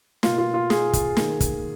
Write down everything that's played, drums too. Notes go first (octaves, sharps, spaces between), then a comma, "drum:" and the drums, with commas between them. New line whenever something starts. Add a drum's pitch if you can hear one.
B2 A#3 F4, drum: snare
F4
F4
G#4, drum: snare
drum: kick, hi-hat
D#3 A#3, drum: snare
drum: kick, hi-hat